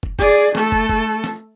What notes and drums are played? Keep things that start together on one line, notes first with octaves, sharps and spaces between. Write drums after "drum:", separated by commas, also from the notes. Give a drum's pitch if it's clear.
drum: kick
G#4 D5, drum: kick
A3 A4, drum: snare
drum: kick
drum: kick
drum: snare